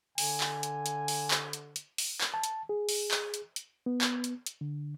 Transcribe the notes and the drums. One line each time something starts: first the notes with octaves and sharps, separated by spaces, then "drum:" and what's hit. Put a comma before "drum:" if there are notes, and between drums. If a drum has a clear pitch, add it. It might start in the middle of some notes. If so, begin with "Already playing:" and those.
D3 G#5, drum: open hi-hat
drum: clap
drum: hi-hat
drum: hi-hat
drum: open hi-hat
drum: clap
drum: hi-hat
drum: hi-hat
drum: open hi-hat
drum: clap
A5
drum: hi-hat
G#4
drum: open hi-hat
drum: clap
drum: hi-hat
drum: hi-hat
B3
drum: clap
drum: hi-hat
drum: hi-hat
D3